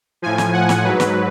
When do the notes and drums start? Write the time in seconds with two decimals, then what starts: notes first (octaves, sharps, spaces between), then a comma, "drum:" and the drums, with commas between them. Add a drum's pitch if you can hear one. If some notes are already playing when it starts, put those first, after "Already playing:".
0.22 A2 F3 G#5
0.38 drum: snare
0.53 F#5
0.69 drum: snare
0.85 G#2 F#3 B4
1.00 drum: snare